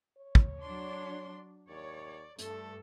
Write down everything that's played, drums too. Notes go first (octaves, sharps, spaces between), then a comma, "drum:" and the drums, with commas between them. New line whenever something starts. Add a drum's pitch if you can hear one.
C#5
drum: kick
F#3 D4 C6
D#2 C#5 D5
G2 A3 A4, drum: hi-hat